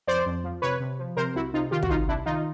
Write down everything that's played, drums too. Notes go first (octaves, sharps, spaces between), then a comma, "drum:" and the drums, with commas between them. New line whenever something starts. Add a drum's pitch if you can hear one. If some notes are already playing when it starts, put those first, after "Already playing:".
F2 C5 D5
F2
F3
C3 B4 C#5
C3
F3
C3 A#4 C5
C2 E4 F#4
C3 D#4 F4
D#3 F4 G4
F#4, drum: kick
C2 D#4 F4
C2 D4 E4
D#3 D#4 F4